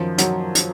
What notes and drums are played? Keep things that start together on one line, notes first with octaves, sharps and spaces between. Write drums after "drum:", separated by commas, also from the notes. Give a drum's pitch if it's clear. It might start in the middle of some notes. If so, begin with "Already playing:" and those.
Already playing: F#2 D#3 F3
D#3 F#3, drum: hi-hat
drum: hi-hat